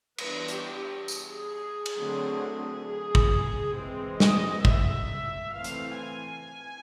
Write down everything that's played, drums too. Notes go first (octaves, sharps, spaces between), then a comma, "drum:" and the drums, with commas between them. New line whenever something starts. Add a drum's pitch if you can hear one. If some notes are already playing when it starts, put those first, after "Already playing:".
E3 G3 B3 D4 B4, drum: cymbal
G4, drum: hi-hat
G#4, drum: tambourine
drum: cymbal
D3 F#3 A3 C4
G#4
drum: kick
E3 G#3 C4
D#5, drum: snare
E5, drum: kick
E3 A3 C4 F5
drum: hi-hat
G#5